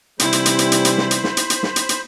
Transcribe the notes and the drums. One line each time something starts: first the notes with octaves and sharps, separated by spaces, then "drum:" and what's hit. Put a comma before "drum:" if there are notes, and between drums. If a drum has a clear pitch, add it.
C3 E3 G3 E4 C5 B5, drum: hi-hat
drum: hi-hat
drum: hi-hat
drum: hi-hat
drum: hi-hat
drum: hi-hat
drum: snare
drum: hi-hat
drum: snare
drum: hi-hat
drum: hi-hat
drum: snare
drum: hi-hat
drum: hi-hat